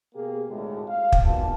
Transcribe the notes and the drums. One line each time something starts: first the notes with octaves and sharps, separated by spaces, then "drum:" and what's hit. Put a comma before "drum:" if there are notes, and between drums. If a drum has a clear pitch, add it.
B2 A#3 G4 G#4
G#1 D2 A2 G#3
F5
drum: kick
G#1 A#2 E3 B3 F#4 A5